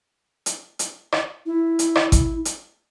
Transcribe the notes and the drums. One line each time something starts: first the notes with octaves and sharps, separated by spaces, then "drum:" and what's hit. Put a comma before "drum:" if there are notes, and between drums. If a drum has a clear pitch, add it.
drum: hi-hat
drum: hi-hat
drum: rim click
E4
drum: hi-hat
drum: rim click
drum: kick G#1, hi-hat
drum: hi-hat